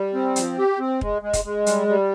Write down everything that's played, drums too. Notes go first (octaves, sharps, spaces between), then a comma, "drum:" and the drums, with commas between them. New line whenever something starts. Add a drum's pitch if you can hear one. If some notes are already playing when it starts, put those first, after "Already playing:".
Already playing: G3
C4
F3, drum: hi-hat
G4
C4
G#3, drum: kick
G#3
drum: kick, hi-hat
G#3
G3, drum: hi-hat
G3